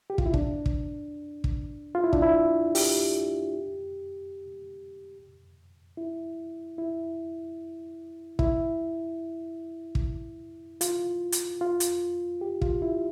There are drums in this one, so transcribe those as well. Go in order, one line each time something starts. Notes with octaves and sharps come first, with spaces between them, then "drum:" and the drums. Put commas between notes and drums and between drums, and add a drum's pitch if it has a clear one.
G4
F4, drum: kick
E4
D4, drum: kick
drum: kick
drum: kick
F4
E4
D4, drum: kick
E4
G4, drum: open hi-hat
E4
E4
E4, drum: kick
drum: kick
F4, drum: hi-hat
drum: hi-hat
F4
drum: hi-hat
G4
F4, drum: kick
E4